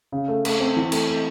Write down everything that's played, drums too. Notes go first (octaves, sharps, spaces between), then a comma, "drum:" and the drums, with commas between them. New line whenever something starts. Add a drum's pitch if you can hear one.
C#3
A3
A3, drum: cymbal
C4
E3
A3, drum: cymbal
A3